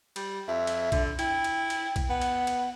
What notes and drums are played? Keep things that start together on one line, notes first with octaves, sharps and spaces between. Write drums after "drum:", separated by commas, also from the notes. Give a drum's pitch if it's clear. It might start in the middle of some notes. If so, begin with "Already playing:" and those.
G3, drum: cymbal
F2 E5
drum: cymbal
D3, drum: kick, cymbal
E4 G5, drum: cymbal
drum: cymbal
drum: cymbal
drum: kick, cymbal
B3 F#5
drum: cymbal
drum: cymbal